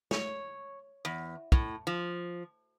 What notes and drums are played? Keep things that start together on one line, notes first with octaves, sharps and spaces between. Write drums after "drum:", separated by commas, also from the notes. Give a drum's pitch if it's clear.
C#5, drum: snare
E2
A2, drum: kick
F3